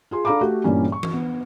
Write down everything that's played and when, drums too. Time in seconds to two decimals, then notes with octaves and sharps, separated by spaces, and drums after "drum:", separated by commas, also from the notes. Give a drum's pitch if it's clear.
0.11 F4 G#4 C6
0.25 D4 A4 F5 A#5 B5 D6
0.41 A3 F#4 G4 A4
0.64 G2 A#2 E3 G3 A#3 C#4
0.92 C#6
1.03 drum: tom E3
1.13 B3